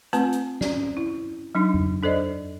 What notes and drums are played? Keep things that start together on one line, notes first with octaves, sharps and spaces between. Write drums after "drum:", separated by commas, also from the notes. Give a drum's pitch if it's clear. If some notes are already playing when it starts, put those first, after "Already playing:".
A3 C4 F4 B4 G#5 A5, drum: hi-hat
drum: hi-hat
C#4 D5, drum: snare
E4
F#3 D4 D#4
drum: tom F2
D4 A4 C5 D5 D#5